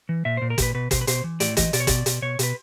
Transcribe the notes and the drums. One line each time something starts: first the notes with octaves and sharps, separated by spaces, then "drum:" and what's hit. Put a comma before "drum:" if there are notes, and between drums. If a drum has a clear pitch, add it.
E3
A#2 E5
A#2 C5
A#4
A#2 B4, drum: kick, hi-hat
B2 B4
B2 C5, drum: kick, hi-hat
B4
B2 C5, drum: hi-hat
E3
A2 D5, drum: hi-hat
E3 D#5, drum: kick, hi-hat
B2 D5, drum: hi-hat
C#5
B2 D5, drum: kick, hi-hat
B2, drum: hi-hat
B2 C#5
B2 B4, drum: hi-hat